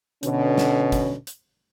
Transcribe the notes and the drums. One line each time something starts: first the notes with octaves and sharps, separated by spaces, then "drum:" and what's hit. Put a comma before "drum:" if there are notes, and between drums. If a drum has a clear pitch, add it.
B2 D3 C#4, drum: hi-hat
drum: snare
drum: kick, hi-hat
drum: hi-hat